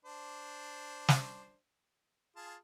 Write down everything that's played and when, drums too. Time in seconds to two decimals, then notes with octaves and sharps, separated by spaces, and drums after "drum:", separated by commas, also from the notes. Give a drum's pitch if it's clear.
0.05 D4 C5
1.09 drum: snare
2.36 F4 G#4 A5